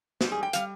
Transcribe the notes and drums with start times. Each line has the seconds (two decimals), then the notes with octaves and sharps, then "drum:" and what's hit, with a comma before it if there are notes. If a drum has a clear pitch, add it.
0.21 G#2 G3, drum: snare
0.32 G#4
0.43 G5
0.53 G3 F5, drum: hi-hat